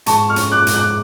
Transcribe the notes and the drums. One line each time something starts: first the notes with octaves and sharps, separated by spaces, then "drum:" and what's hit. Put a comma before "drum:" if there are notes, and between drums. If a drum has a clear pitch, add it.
G#2 A5 C#6, drum: hi-hat
C#6 F6
C#4, drum: hi-hat
D6 F#6
G#2, drum: hi-hat
D6 F#6